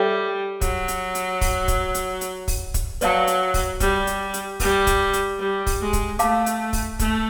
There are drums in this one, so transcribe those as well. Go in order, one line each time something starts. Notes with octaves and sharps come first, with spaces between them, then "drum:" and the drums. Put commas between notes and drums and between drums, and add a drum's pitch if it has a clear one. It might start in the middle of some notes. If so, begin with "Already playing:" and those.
Already playing: G3 A4 C#5 E5 G5
F#3, drum: kick, hi-hat
drum: hi-hat
drum: hi-hat
drum: kick, open hi-hat
drum: kick, hi-hat
drum: hi-hat
drum: hi-hat
drum: kick, open hi-hat
drum: kick, hi-hat
F#3 B4 D5 F5 A5, drum: hi-hat
drum: hi-hat
drum: kick, open hi-hat
G3, drum: kick, hi-hat
drum: hi-hat
drum: hi-hat
G3, drum: kick, open hi-hat
drum: kick, hi-hat
drum: hi-hat
G3
drum: kick, open hi-hat
G#3
drum: kick, hi-hat
A3 F5 A5 D6, drum: hi-hat
drum: hi-hat
drum: kick, open hi-hat
A3, drum: kick, hi-hat